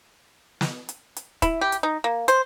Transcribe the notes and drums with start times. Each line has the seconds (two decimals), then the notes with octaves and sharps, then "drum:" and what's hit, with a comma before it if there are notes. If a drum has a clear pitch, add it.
0.61 drum: snare
0.89 drum: hi-hat
1.17 drum: hi-hat
1.42 E4, drum: kick, hi-hat
1.61 G4
1.72 drum: hi-hat
1.83 D#4
2.04 A#3
2.28 C5, drum: hi-hat